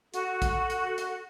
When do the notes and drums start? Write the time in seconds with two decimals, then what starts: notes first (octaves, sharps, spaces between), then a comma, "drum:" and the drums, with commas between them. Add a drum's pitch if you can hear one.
0.14 F#4 A4, drum: hi-hat
0.42 drum: kick A#1, hi-hat
0.70 drum: hi-hat
0.98 drum: hi-hat